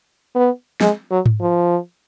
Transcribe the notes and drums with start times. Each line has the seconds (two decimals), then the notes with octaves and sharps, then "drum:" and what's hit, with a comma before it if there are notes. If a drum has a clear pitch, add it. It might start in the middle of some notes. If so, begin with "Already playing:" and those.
0.35 B3
0.81 G#3, drum: snare
1.11 F#3
1.26 drum: tom G#2
1.41 F3